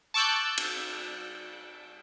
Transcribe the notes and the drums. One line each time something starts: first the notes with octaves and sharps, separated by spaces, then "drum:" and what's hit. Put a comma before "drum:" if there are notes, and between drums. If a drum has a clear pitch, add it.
A5 C#6 D6 E6 F#6 G6
drum: cymbal